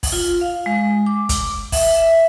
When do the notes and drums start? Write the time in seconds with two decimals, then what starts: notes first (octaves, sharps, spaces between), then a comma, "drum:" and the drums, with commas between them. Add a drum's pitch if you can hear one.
0.03 drum: kick, open hi-hat
0.12 F4
0.41 F5
0.66 G#3
1.06 D6
1.29 drum: kick, hi-hat
1.72 E5, drum: kick, open hi-hat
1.96 E5